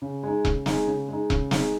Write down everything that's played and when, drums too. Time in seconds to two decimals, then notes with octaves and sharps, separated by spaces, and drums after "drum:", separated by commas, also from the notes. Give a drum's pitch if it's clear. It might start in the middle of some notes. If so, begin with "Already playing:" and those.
0.02 C#3
0.23 G#3 D#4
0.45 C#3, drum: kick E1
0.66 G#3 D#4, drum: snare
0.87 C#3
1.08 G#3 D#4
1.30 C#3, drum: kick E1
1.51 G#3 D#4, drum: snare